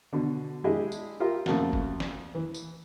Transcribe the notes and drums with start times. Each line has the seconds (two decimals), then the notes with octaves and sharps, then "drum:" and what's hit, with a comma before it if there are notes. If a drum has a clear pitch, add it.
0.13 B2 D3
0.64 G#3 D4 E4 G4 G#4 D#5
0.92 drum: tambourine
1.20 F4 G4 A#4 E5
1.46 F2 C#3 A3 A#3 F#4, drum: snare
1.73 drum: kick F#1
2.00 drum: snare
2.35 E3
2.54 drum: tambourine